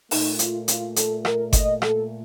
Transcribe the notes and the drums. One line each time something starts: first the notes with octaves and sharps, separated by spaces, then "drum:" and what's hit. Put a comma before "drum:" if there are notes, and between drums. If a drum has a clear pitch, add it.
A#2 A3 D#4, drum: open hi-hat
F4, drum: hi-hat
F4, drum: hi-hat
A4, drum: hi-hat
A#4, drum: rim click
D#5, drum: kick G1, hi-hat
A4, drum: rim click